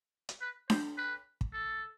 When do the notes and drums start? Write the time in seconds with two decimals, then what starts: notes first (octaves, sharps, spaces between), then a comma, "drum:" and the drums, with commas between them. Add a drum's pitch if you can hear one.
0.29 drum: hi-hat
0.41 B4
0.70 C5, drum: snare D4
0.98 B4
1.41 drum: kick
1.53 A4